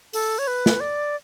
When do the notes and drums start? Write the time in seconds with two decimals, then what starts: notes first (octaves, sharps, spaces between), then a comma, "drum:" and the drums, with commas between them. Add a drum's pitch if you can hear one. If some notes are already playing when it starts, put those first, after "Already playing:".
0.13 A4, drum: open hi-hat
0.39 C#5
0.47 B4
0.66 drum: snare
0.80 D5